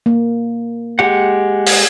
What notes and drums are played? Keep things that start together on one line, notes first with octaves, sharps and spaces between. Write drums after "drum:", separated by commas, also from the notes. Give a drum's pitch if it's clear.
A#3
G#3 G4 F#5
drum: open hi-hat